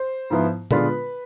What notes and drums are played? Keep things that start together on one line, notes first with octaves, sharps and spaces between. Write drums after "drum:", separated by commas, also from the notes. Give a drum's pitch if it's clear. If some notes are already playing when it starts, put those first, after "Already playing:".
Already playing: C5
G#2 F3 B3 E4
D3 G#3 B3 D4 F4 B4, drum: tom A#2